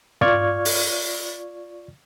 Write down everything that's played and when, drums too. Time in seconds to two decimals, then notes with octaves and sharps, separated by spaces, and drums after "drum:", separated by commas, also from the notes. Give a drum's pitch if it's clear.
0.21 F4 D5 C#6 F6 G#6, drum: tom
0.65 drum: open hi-hat